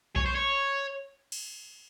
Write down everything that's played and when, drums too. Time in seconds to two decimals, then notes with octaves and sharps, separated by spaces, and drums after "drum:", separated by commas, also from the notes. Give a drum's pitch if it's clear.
0.16 C#5, drum: kick A#1
0.26 C5
0.35 C#5
1.32 drum: cymbal